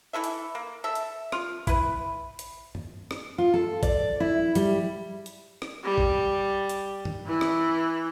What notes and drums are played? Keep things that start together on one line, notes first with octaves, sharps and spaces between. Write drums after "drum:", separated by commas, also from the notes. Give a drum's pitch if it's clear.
E3 E4 A4 E5
drum: hi-hat
A#3
A4 E5
drum: hi-hat
F4, drum: rim click
E4 B4, drum: kick, hi-hat
drum: hi-hat
drum: tom G2
drum: rim click
F4
A4
D5, drum: kick, hi-hat
E4
G3, drum: hi-hat
drum: hi-hat
drum: rim click
G3
drum: kick
drum: hi-hat
drum: tom G2
E3 E4
drum: rim click